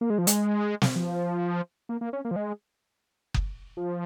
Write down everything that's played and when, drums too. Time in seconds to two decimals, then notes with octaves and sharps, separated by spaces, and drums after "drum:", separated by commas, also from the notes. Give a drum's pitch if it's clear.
0.01 A#3
0.10 G#3
0.18 F3
0.27 G#3, drum: hi-hat
0.82 drum: snare
0.96 F3
1.89 A#3
2.01 A#3
2.13 C#4
2.25 A#3
2.31 F3
2.36 G#3
3.34 drum: kick F#1
3.77 F3